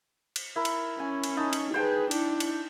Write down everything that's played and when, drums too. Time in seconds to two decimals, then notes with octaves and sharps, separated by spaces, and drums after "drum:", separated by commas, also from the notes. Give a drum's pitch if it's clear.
0.36 drum: cymbal
0.56 E4 A#4
0.65 drum: cymbal
0.99 C#4 G#5
1.24 drum: cymbal
1.37 D#4 A5
1.53 drum: cymbal
1.74 G#4 B4 C5 G5 A5
2.11 D4 E4, drum: cymbal
2.40 drum: cymbal